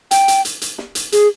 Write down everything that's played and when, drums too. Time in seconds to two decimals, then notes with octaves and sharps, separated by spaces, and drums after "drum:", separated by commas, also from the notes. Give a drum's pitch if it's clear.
0.11 G5, drum: hi-hat
0.28 drum: hi-hat
0.45 drum: hi-hat
0.62 drum: hi-hat
0.78 drum: snare
0.95 drum: hi-hat
1.12 G#4, drum: hi-hat